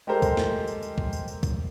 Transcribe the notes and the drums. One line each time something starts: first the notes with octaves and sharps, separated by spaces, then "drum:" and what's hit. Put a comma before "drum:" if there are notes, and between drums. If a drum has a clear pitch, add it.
G#3 G4 A4 A#4 C5
drum: kick, tambourine
drum: snare
drum: tambourine
drum: tambourine
drum: kick
drum: tambourine
drum: tambourine
drum: kick, tambourine